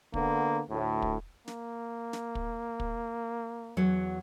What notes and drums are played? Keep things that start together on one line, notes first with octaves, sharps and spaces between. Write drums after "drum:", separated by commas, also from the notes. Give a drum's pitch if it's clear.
D3 A#3 B3, drum: kick
D2 A2
drum: kick
A#3, drum: snare
drum: snare
drum: kick
drum: kick
E2 F#3 C#5